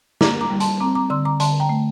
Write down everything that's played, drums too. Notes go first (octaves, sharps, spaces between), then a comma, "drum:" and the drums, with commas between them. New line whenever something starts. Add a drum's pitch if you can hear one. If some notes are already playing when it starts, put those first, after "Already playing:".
A#3 A#5 D6, drum: snare
A#5 D6
G3
A5 C6, drum: hi-hat
C4 A#5 D6
A#5 D6
D3 C6 E6
A#5 D6
D3 A5 C6, drum: hi-hat
G5 A#5
A3